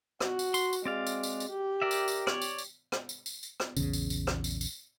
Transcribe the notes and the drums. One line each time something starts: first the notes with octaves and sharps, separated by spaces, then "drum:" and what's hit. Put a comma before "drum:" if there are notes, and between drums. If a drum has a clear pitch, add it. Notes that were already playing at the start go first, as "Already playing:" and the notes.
F#4, drum: rim click
drum: tambourine
C6, drum: tambourine
drum: tambourine
G#3 C4 D5 F5
drum: tambourine
drum: tambourine
drum: tambourine
G4
A#4 D5 E5
drum: tambourine
drum: tambourine
C#5 D5, drum: rim click
drum: tambourine
drum: tambourine
drum: rim click
drum: tambourine
drum: tambourine
drum: tambourine
drum: rim click
A#1 E2 C#3, drum: tambourine
drum: tambourine
drum: tambourine
drum: rim click
drum: tambourine
drum: tambourine